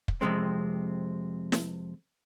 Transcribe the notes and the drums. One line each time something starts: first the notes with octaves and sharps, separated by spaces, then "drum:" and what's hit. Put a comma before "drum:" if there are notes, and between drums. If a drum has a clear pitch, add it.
drum: kick
F2 A2 C3 G#3 C4
drum: snare